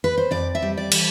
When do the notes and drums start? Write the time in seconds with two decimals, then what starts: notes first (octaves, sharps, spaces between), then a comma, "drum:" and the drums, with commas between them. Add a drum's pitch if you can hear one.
0.04 B4
0.18 C5
0.31 F2 D5
0.55 E5
0.62 G3
0.77 D5
0.92 E3, drum: cymbal